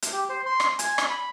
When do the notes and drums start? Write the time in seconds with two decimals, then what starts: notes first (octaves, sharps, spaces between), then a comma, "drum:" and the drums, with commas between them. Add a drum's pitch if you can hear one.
0.02 drum: hi-hat
0.13 G4
0.29 C5
0.46 C6
0.60 drum: rim click
0.79 G#5, drum: hi-hat
0.98 drum: rim click
1.09 B5